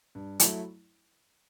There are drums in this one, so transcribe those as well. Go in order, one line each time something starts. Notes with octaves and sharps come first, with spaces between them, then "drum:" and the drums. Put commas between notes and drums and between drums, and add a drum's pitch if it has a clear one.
G2
F#3 A3 E4, drum: hi-hat